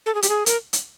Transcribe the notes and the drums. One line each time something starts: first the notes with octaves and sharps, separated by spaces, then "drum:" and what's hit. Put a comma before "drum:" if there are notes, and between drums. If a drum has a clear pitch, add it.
A4
G#4
G4, drum: hi-hat
G#4
A#4, drum: hi-hat
drum: hi-hat